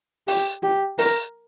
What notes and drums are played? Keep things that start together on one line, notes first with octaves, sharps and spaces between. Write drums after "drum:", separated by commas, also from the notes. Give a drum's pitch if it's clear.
G4, drum: open hi-hat
G4
A#4, drum: open hi-hat